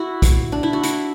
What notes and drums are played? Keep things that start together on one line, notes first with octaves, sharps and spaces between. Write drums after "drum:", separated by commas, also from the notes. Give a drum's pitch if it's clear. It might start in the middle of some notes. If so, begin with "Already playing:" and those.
Already playing: E4 F#4
drum: kick, hi-hat
D4
E4
F#4
E4, drum: hi-hat